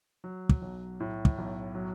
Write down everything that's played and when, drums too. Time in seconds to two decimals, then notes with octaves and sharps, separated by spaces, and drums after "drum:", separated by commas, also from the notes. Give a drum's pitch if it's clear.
0.24 F#3
0.49 drum: kick
0.62 B1
1.00 A2
1.25 drum: kick
1.38 B1
1.75 F#3